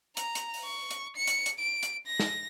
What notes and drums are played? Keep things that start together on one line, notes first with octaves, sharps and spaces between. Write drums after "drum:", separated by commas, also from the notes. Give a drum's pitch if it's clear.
A#5, drum: hi-hat
drum: hi-hat
drum: open hi-hat
C#6
drum: hi-hat
C#7
drum: hi-hat
drum: hi-hat
D7
drum: hi-hat
A#6
drum: snare